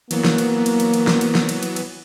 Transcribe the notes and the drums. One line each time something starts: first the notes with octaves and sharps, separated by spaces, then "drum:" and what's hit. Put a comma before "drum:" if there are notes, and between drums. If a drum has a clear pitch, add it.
E3 F#3 A#3 B3, drum: cymbal
drum: snare
drum: cymbal
drum: cymbal
drum: cymbal
drum: cymbal
drum: snare
drum: cymbal
drum: snare
drum: cymbal
drum: cymbal
drum: cymbal